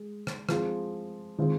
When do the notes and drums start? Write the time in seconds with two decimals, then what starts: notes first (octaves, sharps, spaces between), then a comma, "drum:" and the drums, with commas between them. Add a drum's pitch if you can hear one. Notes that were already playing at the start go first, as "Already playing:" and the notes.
Already playing: G#3
0.27 drum: rim click
0.49 F3 G#3 C4 F4 G#4, drum: rim click
1.38 D#3 G#3 C4 F4